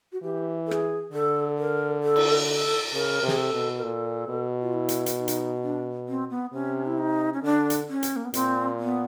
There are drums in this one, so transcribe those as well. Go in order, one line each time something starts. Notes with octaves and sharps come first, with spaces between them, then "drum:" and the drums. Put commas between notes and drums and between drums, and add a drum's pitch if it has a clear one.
F#4
E3 G4
A4
G#4, drum: rim click
D3 A4
A#4
A4
drum: cymbal
A4
C#3 A#4
C3
G#4, drum: snare
A4
B2
A#4
A#2 A4
B2
F4
E4
drum: hi-hat
drum: hi-hat
D#4
drum: hi-hat
D4
C4
B3
C3 C#4
E4
D#4
C#4
D3 D4
drum: hi-hat
C#4
drum: hi-hat
A#3
B3
A#2 C4, drum: hi-hat
B3